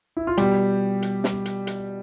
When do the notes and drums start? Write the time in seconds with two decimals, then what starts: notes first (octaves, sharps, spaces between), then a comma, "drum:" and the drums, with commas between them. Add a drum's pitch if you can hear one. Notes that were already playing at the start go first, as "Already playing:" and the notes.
0.17 E4
0.27 F4
0.37 B2 G3 G4, drum: hi-hat
1.02 drum: hi-hat
1.24 drum: snare
1.45 drum: hi-hat
1.67 drum: hi-hat